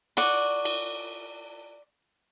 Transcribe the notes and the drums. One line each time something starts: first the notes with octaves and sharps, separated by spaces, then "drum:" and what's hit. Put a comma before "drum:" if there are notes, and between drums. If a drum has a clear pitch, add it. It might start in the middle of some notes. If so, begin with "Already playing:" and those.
D5 F#5 C#6, drum: cymbal
drum: cymbal